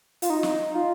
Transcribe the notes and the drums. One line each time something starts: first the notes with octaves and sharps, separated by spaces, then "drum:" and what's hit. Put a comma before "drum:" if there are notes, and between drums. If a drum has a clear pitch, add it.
F4, drum: hi-hat
D#4
drum: snare
F4